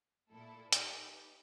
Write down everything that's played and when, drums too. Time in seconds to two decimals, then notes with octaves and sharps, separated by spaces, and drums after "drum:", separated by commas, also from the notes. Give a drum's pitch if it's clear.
0.31 A#2 E4 A4
0.73 D#4 G4 B4, drum: hi-hat